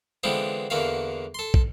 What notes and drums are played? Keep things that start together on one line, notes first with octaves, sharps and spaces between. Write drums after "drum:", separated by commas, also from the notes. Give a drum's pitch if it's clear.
D3 E3 G#3 B3 C4 F4
E2 D3 A#3 F#4 E5 F5
A4 C6
drum: kick